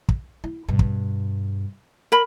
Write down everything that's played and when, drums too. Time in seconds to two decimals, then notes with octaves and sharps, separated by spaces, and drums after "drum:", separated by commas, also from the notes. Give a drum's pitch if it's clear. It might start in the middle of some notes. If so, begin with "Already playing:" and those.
0.09 drum: kick
0.44 E4
0.69 G2 B2
0.79 drum: kick
2.12 A#4 B5